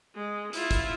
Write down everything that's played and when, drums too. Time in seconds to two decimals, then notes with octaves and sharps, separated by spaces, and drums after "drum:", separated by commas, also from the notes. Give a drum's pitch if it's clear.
0.15 G#3
0.53 E4 F4, drum: hi-hat
0.71 drum: kick, hi-hat